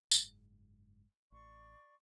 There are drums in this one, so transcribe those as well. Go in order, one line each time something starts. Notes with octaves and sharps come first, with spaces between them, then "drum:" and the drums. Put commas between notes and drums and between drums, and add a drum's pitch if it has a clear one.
F#1 G#2, drum: tambourine
A1 D5 C6 C#6